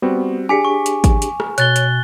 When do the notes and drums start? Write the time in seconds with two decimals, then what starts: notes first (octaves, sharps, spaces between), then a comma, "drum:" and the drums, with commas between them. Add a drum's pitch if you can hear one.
0.02 G3 B3 C4 F#4
0.49 D4 G4 G#4 G#5 D6 B6 C#7
0.65 C#6
0.86 drum: hi-hat
1.04 drum: kick, hi-hat
1.22 drum: hi-hat
1.40 drum: rim click
1.58 B2 C#5 F#6 A6 G7, drum: hi-hat
1.76 drum: hi-hat